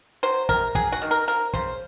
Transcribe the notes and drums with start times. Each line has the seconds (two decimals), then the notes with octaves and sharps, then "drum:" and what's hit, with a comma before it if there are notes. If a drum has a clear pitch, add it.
0.23 F#3 C5
0.49 C3 A#4, drum: kick
0.75 F#3 G#4, drum: kick
0.92 F#4
1.02 D#3
1.11 A#4
1.27 F3 A#4
1.53 C#3 C5, drum: kick